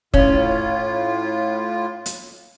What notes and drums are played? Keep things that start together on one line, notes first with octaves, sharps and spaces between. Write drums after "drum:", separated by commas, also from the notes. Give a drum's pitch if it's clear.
A2 C#4 F4, drum: kick
drum: hi-hat